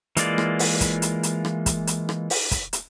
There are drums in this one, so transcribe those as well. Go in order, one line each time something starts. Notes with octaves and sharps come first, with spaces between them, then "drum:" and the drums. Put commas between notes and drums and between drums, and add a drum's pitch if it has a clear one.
E3 G#3 A#3 F4 D5, drum: hi-hat
drum: rim click
drum: open hi-hat
drum: kick, hi-hat
drum: hi-hat
drum: hi-hat
drum: rim click
drum: kick, hi-hat
drum: hi-hat
drum: rim click
drum: open hi-hat
drum: kick, hi-hat
drum: hi-hat